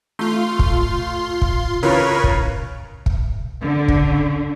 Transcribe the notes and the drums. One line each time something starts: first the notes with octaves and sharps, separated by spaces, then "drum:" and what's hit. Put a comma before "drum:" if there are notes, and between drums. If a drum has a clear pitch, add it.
A3 F4 C6
drum: kick
drum: kick
C#3 F4 A#4 B4 C#5
drum: kick
drum: kick
D3
drum: kick